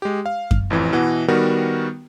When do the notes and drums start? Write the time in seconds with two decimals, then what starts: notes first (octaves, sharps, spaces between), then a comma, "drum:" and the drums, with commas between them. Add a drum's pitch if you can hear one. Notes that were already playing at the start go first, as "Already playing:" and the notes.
0.02 G#3 G4
0.26 F5
0.51 drum: kick F#2
0.70 A1 F2 E3
0.92 B2 E3 F#5
1.28 D#3 G3 B3 F#4 A#4